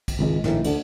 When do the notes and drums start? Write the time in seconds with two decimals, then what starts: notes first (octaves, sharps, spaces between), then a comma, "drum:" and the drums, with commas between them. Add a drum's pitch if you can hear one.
0.08 drum: kick, cymbal
0.19 G#1 C#2 D#3 G#3
0.44 A#1 A2 D#3 E3, drum: snare
0.64 D2 D3, drum: cymbal